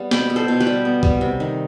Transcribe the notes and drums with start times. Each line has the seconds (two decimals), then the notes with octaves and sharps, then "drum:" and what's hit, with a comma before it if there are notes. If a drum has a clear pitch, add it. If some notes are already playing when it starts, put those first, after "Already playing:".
Already playing: G3 B3
0.11 B2 G5 B5, drum: snare
0.30 B3
0.36 A4 C5
0.48 B2
0.60 G4 B4
0.67 G3
0.85 B3
1.03 G3, drum: kick
1.21 C3
1.40 D#3